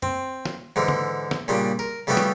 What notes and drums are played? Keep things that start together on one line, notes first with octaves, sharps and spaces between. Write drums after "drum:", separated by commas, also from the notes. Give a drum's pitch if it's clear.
C4, drum: tom F#2
drum: snare
G#2 D3 E3
drum: tom C#3
drum: snare
A#2 C#3 G3 D4
A#4
C#3 G3 A3 B3 F#4 G4
drum: snare